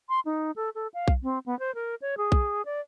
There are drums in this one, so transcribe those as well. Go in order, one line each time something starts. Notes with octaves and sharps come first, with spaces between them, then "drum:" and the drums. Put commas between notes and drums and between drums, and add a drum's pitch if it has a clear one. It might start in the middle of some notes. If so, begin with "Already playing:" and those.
C6
D#4
A4
A4
F5
drum: kick B1
C4
B3
C5
A#4
C#5
G#4
drum: kick B1
D5